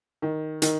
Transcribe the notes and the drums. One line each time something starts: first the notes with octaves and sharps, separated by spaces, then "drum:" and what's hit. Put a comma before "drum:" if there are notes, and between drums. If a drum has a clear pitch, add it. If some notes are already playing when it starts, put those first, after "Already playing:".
D#3
D#3, drum: hi-hat